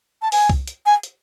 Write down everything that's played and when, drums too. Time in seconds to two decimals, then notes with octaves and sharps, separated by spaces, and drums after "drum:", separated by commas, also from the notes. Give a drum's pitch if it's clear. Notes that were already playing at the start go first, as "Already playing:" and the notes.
0.22 A5
0.32 G#5, drum: open hi-hat
0.50 drum: kick C2
0.67 drum: hi-hat
0.86 G#5
1.03 drum: hi-hat